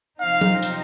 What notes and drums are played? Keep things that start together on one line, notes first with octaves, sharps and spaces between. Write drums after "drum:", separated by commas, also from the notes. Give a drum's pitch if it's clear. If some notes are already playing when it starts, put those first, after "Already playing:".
C3 F3 C4 D#4 F5
drum: tom F#3
drum: hi-hat